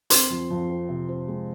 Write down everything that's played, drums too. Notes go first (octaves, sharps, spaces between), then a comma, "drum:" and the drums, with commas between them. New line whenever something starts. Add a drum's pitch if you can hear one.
C4 C6, drum: hi-hat
F2
F2
C4
C3
C4
G#3